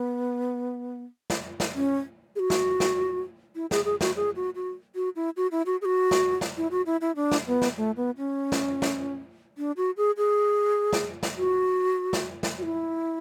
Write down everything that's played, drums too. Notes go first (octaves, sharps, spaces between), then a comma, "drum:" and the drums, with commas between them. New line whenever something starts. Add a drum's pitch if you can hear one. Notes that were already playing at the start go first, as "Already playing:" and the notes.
Already playing: B3
drum: snare
drum: snare
C#4
G#4
F#4
drum: snare
drum: snare
E4
G#4, drum: snare
G#4
F#4, drum: snare
G#4
F#4
F#4
F#4
E4
F#4
E4
F#4
G#4
F#4
drum: snare
drum: snare
E4
F#4
E4
E4
D4
drum: snare
B3
drum: snare
A3
B3
C#4
drum: snare
drum: snare
D4
F#4
G#4
G#4
drum: snare
drum: snare
F#4
drum: snare
drum: snare
F#4
E4